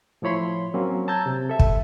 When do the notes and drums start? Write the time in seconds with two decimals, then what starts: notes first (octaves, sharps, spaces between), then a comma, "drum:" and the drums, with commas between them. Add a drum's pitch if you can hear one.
0.22 A2 F3 E4 C#5 B5 C6
0.74 F#3 A#3 C4 C#4
1.08 A5 A#5 E6 G6 G#6
1.26 C3
1.49 A4 E5
1.59 drum: kick